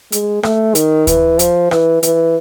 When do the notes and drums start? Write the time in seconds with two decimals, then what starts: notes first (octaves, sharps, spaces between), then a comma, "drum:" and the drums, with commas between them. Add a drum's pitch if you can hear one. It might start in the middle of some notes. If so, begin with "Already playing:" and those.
0.12 G#3, drum: hi-hat
0.43 A3, drum: rim click
0.75 D#3, drum: hi-hat
1.07 E3, drum: kick D2, hi-hat
1.39 F3, drum: hi-hat
1.71 E3, drum: rim click
2.03 E3, drum: hi-hat